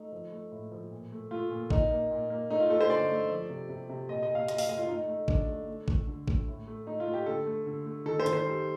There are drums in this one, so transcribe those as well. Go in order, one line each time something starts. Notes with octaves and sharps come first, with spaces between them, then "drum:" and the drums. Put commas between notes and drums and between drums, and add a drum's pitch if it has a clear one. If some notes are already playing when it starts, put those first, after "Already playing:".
Already playing: A3 D#4
F3
A3
A2
F3
A#2
A3
A3 F4
A#2
A#2 D#4, drum: kick A1
A#3
A#2
A#3
A3 D#4
F4
A3 A4
C5
D3 D5
A3
F3
C3
C3
C3
A#2 D#5
D#5
A#2
F5
A#2 D#5, drum: hi-hat
F5, drum: open hi-hat
A3 D#5
F4
A3 D#4
A3
D3 D4, drum: kick A1
A3
A3
A3, drum: kick A1
D3
A3, drum: kick A1
A2
A3
A3 D#4
F4
A3
G4
D3 A4
A3
D3
A3
D#3 A4
C5
D#3, drum: hi-hat
C5
G3